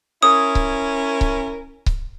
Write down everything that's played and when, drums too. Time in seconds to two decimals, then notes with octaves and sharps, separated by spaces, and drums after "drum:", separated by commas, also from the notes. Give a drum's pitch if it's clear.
0.23 C#4 E4 A#4 D#6
0.55 drum: kick C#1
1.21 drum: kick C#1
1.86 drum: kick C#1